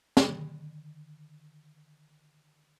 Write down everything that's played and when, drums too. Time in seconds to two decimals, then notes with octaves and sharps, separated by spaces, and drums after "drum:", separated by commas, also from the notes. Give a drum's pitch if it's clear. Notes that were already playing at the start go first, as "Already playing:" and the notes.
0.17 D3 D#3, drum: snare